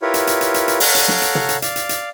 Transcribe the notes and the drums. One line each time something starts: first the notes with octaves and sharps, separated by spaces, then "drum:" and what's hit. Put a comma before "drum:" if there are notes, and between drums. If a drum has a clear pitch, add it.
E4 F4 G4 A#4 B4 C#5
drum: hi-hat
drum: hi-hat
drum: hi-hat
drum: hi-hat
drum: hi-hat
A4 C#5 F5 F#5 A#5, drum: open hi-hat
drum: hi-hat
drum: snare
drum: hi-hat
drum: tom
drum: hi-hat
D5 F5, drum: hi-hat
drum: hi-hat
drum: hi-hat